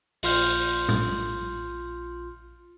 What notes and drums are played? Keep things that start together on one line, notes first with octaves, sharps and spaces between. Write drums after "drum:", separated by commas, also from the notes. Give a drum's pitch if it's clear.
A#1 F4 C6 F6 G6, drum: open hi-hat
drum: tom A2